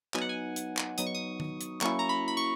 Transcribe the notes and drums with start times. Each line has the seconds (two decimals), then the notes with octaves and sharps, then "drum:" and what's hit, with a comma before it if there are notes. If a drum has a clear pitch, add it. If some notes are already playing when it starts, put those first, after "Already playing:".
0.14 F#3 B3 D#4 G#5, drum: clap
0.21 F#5
0.29 G#5
0.56 drum: hi-hat
0.77 drum: clap
0.98 F#3 B3 D#4 D#6, drum: hi-hat
1.06 C#6
1.15 D#6
1.40 drum: tom D#3
1.61 drum: hi-hat
1.81 F#3 A#3 C#4 E4 C#6, drum: clap
1.99 A#5
2.09 B5
2.28 B5
2.37 C#6